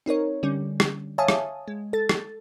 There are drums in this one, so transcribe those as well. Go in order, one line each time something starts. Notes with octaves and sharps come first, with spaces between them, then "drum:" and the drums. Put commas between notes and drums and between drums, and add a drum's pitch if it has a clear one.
C4 D#4 A#4 C#5
D3 G3 C#4
drum: rim click
C#5 E5 F5 G#5 A5 D#6
drum: rim click
G#3
A4 A6
drum: rim click